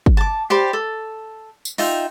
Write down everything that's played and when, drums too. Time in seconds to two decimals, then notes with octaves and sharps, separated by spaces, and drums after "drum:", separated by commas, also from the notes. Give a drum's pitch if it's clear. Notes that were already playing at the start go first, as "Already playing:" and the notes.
0.06 drum: kick
0.17 A5 D6
0.50 G4 C5 D5 B5
0.73 A4
1.65 drum: tambourine
1.78 D#4 F4 E5 G5, drum: open hi-hat